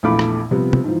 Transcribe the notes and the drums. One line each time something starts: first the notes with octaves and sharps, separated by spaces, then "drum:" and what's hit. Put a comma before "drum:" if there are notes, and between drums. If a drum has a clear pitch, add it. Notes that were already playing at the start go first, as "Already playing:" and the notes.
A#1 E2 A3 F5 B5 D6
drum: rim click
C3 F3 G3 B3
drum: tom
G#2 E3 F3